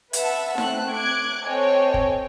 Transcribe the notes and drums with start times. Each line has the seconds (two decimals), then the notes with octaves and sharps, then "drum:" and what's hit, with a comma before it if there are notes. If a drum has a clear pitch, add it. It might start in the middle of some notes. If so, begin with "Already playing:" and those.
0.13 B4 E5 F#5 A5 E6, drum: hi-hat
0.58 A3 C4 F#6, drum: snare D#4
0.94 D6 F#6 G#6 D7
1.46 C4 A4 C#5 D#5 G5 G#5
1.94 drum: kick